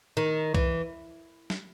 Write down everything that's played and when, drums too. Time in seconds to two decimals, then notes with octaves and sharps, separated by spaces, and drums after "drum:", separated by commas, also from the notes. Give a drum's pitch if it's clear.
0.17 D#3
0.55 E3, drum: kick C2
1.50 drum: snare